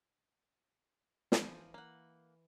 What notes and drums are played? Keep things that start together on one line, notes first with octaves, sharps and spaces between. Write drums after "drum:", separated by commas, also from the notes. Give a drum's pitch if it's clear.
E3 F3 C5 G#5, drum: snare
A#3 F#5